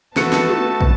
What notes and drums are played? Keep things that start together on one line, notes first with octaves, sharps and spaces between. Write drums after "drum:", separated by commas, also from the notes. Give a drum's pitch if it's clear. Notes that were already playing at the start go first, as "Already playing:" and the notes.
A3 B3 F#4 A4 B4 A5 C#7, drum: snare
drum: snare
drum: tom
drum: kick